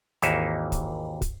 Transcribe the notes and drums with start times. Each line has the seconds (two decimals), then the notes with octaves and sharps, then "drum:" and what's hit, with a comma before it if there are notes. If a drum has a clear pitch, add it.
0.22 G#1 D#2 E3 A#3 D#4 E5, drum: hi-hat
0.72 drum: kick, hi-hat
1.22 drum: kick, hi-hat